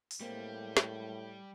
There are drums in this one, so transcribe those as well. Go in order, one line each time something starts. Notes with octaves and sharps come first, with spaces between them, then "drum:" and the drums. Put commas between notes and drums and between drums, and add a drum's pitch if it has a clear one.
drum: open hi-hat
A2 G3 G#3 A#3 C4
drum: snare